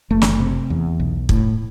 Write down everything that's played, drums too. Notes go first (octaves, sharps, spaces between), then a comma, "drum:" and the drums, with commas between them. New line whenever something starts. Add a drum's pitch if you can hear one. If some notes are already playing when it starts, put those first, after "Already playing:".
F#1 A3
drum: snare
C3
E2
B1
A2, drum: kick